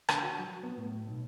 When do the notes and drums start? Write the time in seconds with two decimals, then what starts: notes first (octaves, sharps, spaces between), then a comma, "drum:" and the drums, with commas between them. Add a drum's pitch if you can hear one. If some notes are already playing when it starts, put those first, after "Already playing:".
0.09 D3, drum: rim click
0.23 F#4
0.39 F#3
0.63 B3
0.77 A2
1.07 B1